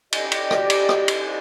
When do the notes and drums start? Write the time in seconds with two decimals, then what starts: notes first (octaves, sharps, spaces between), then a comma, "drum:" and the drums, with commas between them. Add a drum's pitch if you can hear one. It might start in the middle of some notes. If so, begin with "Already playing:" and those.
0.13 G4 D5 D#5, drum: cymbal
0.32 drum: cymbal
0.51 drum: rim click
0.70 drum: cymbal
0.89 drum: rim click
1.08 drum: cymbal